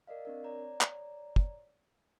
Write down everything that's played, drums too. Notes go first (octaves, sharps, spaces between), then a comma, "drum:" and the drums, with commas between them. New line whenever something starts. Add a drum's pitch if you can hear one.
A#4 D5 D#5 F5
C4 D4 A#4
C#5 D5 A#5
drum: clap
drum: kick